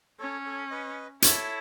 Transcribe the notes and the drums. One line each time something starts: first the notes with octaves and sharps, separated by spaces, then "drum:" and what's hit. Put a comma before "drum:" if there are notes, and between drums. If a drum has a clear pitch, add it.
C#4 A4 C#5
A4 C#5
B4 D#5
E4 A4 C#5, drum: hi-hat